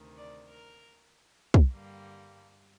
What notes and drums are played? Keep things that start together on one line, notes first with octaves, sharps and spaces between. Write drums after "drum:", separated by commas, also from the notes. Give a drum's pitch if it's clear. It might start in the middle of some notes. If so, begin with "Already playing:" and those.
Already playing: D2 C3 D#3
D5
A#4
drum: kick
G2 D3 G3 A#3